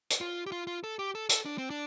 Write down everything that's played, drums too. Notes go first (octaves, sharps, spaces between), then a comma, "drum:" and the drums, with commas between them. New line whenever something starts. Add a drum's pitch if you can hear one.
drum: hi-hat
F4
G4
F4
F4
A4
G4
A4
A4, drum: hi-hat
D4
C4
D4